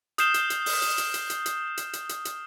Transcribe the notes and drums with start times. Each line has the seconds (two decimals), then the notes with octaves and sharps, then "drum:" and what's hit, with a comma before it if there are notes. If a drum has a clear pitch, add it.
0.18 D#6 F6 G6 C7 E7 G7, drum: hi-hat
0.34 drum: hi-hat
0.50 drum: hi-hat
0.66 drum: open hi-hat
0.82 drum: hi-hat
0.98 drum: hi-hat
1.14 drum: hi-hat
1.30 drum: hi-hat
1.46 drum: hi-hat
1.77 drum: hi-hat
1.93 drum: hi-hat
2.09 drum: hi-hat
2.25 drum: hi-hat